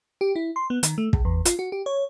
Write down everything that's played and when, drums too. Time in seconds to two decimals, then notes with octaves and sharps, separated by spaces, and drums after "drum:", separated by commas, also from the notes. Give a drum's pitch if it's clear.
0.21 G4
0.36 E4
0.56 C6
0.70 B3
0.83 D#3, drum: hi-hat
0.98 A3
1.13 C#2, drum: kick
1.25 E2
1.45 F4, drum: hi-hat
1.59 F#4
1.72 G4
1.86 C#5